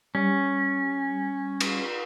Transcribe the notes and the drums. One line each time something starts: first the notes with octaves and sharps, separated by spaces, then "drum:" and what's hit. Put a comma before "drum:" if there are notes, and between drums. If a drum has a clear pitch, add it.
G3 C#4
drum: cymbal